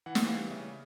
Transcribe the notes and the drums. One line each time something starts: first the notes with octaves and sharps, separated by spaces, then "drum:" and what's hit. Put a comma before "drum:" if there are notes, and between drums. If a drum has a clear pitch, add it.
E3 F#5
drum: snare
G3 F5
C#3 E5